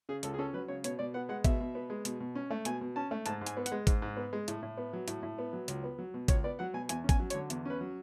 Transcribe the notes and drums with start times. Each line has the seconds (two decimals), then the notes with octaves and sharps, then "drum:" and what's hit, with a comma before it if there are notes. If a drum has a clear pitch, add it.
0.09 C#3 G#4
0.23 C#2 A4, drum: hi-hat
0.34 G#4
0.39 C#4 A4
0.53 F#3 B4
0.68 C#3 C#5
0.84 B2 C#5, drum: hi-hat
0.99 B2 D5
1.14 B3 F#5
1.29 G#3 F#5
1.44 B2 E5, drum: kick G#1, hi-hat
1.60 B2
1.75 B3
1.90 G#3
2.05 B2, drum: hi-hat
2.20 B2
2.35 C#4
2.51 A3
2.65 B2 G#5, drum: hi-hat
2.81 B2
2.96 C#4 A5
3.11 A3
3.26 G#2 A5, drum: hi-hat
3.41 G#2
3.46 G#5, drum: hi-hat
3.57 B3
3.66 F#5, drum: hi-hat
3.72 G#3
3.87 G#2, drum: kick G#1, hi-hat
4.02 G#2
4.17 B3
4.33 G#3
4.48 A2, drum: hi-hat
4.63 A2
4.77 B3
4.93 F#3
5.08 A2, drum: hi-hat
5.23 A2
5.38 B3
5.53 F#3
5.68 C#2, drum: hi-hat
5.84 B3
5.99 F#3
6.14 B2
6.28 C#2 C#5, drum: kick G#1, hi-hat
6.44 B3 D5
6.59 F#3 F#5
6.74 B2 G#5
6.89 E2 G#5, drum: hi-hat
7.04 C#4
7.09 G#5, drum: kick G#1, hi-hat
7.20 F#3
7.30 C#5, drum: hi-hat
7.35 D3
7.50 E2, drum: hi-hat
7.65 C#4 B4
7.81 F#3